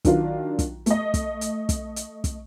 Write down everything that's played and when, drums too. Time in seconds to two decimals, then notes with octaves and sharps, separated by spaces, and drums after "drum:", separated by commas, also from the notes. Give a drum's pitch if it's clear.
0.05 D#3 F#3 D4 F4, drum: kick, hi-hat
0.59 drum: kick, hi-hat
0.86 A3 D#5, drum: hi-hat
1.14 drum: kick, hi-hat
1.41 drum: hi-hat
1.69 drum: kick, hi-hat
1.96 drum: hi-hat
2.24 drum: kick, hi-hat